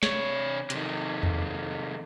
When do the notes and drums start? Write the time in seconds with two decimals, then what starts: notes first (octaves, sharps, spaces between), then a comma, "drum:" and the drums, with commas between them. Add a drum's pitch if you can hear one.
0.03 C3 C#5, drum: snare
0.70 C3 D#3, drum: hi-hat
1.23 drum: tom E2